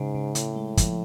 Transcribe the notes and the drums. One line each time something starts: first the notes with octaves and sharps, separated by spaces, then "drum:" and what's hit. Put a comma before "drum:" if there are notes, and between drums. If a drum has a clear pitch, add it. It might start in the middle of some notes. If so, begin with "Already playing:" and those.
Already playing: G#2 C#3
C#3
A2 C#3, drum: hi-hat
G#3
F3, drum: kick, hi-hat